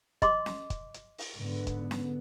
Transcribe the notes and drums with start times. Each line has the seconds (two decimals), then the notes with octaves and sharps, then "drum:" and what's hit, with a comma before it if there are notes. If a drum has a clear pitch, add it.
0.22 D#5 C6 D6, drum: kick, hi-hat
0.46 drum: snare C#4
0.70 drum: kick, hi-hat
0.94 drum: hi-hat
1.18 drum: open hi-hat
1.36 G#2 D3 B3
1.67 drum: kick, hi-hat
1.91 drum: snare C#4